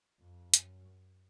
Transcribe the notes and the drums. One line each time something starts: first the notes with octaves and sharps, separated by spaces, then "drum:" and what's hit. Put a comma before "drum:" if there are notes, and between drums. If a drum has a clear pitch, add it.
F2
F#2, drum: hi-hat